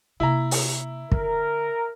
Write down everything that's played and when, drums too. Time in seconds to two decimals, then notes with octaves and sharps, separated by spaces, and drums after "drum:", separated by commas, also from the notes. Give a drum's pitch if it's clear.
0.20 C3 A#3 E4 A#5
0.51 drum: open hi-hat
1.12 D3 A#4, drum: kick